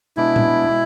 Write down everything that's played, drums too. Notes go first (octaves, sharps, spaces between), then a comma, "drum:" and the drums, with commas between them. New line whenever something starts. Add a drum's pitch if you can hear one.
B2 G#3 B3 D4 E4
drum: tom A#2
B2 G#3